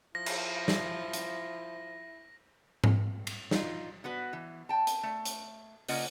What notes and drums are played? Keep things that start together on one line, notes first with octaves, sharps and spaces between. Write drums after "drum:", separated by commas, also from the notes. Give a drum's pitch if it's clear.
F3 E4 A#6
drum: cymbal
drum: snare
drum: hi-hat
drum: tom G#2
drum: cymbal
D#4 F4, drum: snare
B3 F#4 B4
E3
G5 A5
drum: hi-hat
A3
drum: hi-hat
C#3 A#3 F4 D#5 F#5, drum: open hi-hat